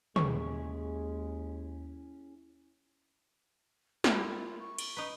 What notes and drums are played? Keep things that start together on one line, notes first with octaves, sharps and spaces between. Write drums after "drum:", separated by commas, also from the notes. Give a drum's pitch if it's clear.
D#2 G#3 C#4 E4 G#4 C#6, drum: tom
E4 F4 A#4, drum: snare
C#6
drum: cymbal
D#4 B4